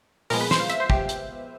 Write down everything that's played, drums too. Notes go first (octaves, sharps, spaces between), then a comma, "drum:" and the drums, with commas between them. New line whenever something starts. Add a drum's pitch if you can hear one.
A#2 F3 G#3 B3 A#4, drum: open hi-hat
B4
C5, drum: snare
F5
E5, drum: hi-hat
C5
G4, drum: kick
drum: hi-hat